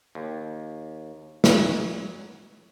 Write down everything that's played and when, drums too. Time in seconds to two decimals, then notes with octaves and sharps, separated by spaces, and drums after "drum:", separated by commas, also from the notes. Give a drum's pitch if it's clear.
0.15 D#2
1.44 F#3, drum: snare